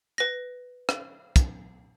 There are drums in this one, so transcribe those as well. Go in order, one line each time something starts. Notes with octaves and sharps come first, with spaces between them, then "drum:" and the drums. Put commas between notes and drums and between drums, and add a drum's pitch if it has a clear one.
B4 A#6
drum: rim click
drum: kick, hi-hat